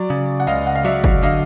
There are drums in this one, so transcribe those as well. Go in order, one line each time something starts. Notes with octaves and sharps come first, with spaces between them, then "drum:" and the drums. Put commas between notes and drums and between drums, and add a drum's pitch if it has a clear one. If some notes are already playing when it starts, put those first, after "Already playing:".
Already playing: F#3 D5
C#3
F#5
C#2 D#5 F5
F#5
F5
F#3 D5 E5
drum: kick G1
D3 D#5 F5